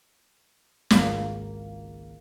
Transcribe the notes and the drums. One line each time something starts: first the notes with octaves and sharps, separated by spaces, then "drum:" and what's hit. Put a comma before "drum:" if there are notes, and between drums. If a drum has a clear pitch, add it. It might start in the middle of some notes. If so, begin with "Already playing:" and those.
G#1 C#2 A#3, drum: snare